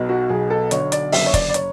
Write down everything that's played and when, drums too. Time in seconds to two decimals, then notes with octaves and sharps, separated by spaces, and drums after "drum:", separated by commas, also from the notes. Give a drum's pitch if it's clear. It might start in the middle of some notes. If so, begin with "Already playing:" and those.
Already playing: B1 B2
0.09 F#4
0.29 B1 G#4
0.50 A4
0.71 D3 C#5, drum: hi-hat
0.92 D5, drum: hi-hat
1.12 F#1 E5, drum: open hi-hat
1.26 C#5
1.34 D5, drum: kick, hi-hat
1.49 D5
1.54 C#5, drum: hi-hat